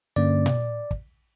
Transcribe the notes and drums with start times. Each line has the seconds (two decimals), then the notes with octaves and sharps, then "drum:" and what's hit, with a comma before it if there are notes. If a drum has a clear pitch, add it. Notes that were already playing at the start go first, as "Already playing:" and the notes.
0.16 G2 D3 A#3 C#4 D5
0.46 drum: tom A#2
0.91 drum: kick